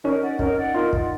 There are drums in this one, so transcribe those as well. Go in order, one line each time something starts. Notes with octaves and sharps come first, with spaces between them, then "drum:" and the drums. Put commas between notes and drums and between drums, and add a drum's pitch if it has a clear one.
C#4 D#4 A#4
D5 F#5
C#4 D#4 A#4, drum: kick
D5 F#5
D#4 F4 A#4
D5 F#5, drum: kick